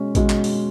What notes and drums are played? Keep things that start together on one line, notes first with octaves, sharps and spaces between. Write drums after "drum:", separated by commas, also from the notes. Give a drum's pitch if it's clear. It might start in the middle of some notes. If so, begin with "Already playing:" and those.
Already playing: B2 G#3 C#4
B2 G#3 C#4, drum: kick A1, hi-hat
drum: clap
drum: open hi-hat